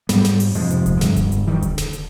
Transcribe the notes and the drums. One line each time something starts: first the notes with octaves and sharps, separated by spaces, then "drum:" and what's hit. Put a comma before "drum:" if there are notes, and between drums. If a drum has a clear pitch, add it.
G#2 G3 B3, drum: snare
drum: snare
drum: open hi-hat
F2 C3 F3 G#3, drum: hi-hat
drum: hi-hat
drum: kick D#1, hi-hat
G2 D3, drum: snare
drum: kick D#1, hi-hat
drum: hi-hat
D3 D#3 G3
drum: kick D#1, hi-hat
drum: snare
drum: hi-hat